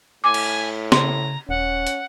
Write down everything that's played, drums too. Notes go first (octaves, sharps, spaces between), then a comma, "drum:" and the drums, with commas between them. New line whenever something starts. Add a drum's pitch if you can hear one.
A2 G#5 D6
drum: cymbal
C#3 A#5 C6, drum: snare
D#1 C#4 F#5
drum: hi-hat